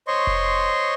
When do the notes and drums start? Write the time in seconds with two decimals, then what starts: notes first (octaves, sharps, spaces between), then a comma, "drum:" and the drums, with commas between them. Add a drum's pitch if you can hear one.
0.08 C5 C#5 D#5 C6 C#6
0.27 drum: kick F1